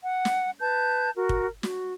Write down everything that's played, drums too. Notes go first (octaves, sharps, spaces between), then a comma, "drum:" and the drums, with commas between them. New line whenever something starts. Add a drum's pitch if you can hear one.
F#5
drum: snare
B4 A5 G6
F#4 A#4
drum: kick
F#4, drum: snare